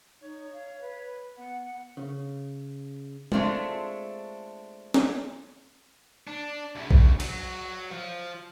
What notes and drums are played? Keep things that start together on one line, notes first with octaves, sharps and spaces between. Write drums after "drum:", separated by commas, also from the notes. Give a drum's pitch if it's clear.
D#4 C#5
F5
B4
B3 F#5
C#3
G#3 A3 C4 D4 F4, drum: tom G#3
drum: snare
D4
D2 C#3
drum: kick A#1
F#3, drum: cymbal
F3